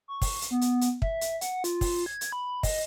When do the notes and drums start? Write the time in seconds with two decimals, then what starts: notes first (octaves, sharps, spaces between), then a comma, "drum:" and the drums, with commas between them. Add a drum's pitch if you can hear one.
0.08 C#6
0.22 drum: kick, open hi-hat
0.41 drum: hi-hat
0.51 B3
0.61 drum: hi-hat
0.81 drum: hi-hat
1.02 E5, drum: kick
1.21 drum: hi-hat
1.41 F#5, drum: hi-hat
1.64 F4, drum: hi-hat
1.81 drum: kick, open hi-hat
2.06 G#6
2.21 drum: hi-hat
2.32 B5
2.63 D#5, drum: kick, open hi-hat